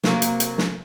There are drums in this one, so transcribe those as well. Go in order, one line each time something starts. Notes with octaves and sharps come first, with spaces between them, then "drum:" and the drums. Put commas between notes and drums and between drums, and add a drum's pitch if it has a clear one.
C3 F#3 A#3, drum: snare
drum: hi-hat
drum: hi-hat
drum: snare